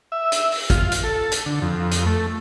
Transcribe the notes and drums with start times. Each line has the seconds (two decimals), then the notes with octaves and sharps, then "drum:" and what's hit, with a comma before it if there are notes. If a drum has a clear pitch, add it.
0.12 E5
0.32 drum: hi-hat
0.52 drum: open hi-hat
0.70 F4, drum: kick, hi-hat
0.92 drum: hi-hat
1.03 A4
1.32 drum: hi-hat
1.46 D3
1.62 F2
1.91 drum: hi-hat
2.06 A3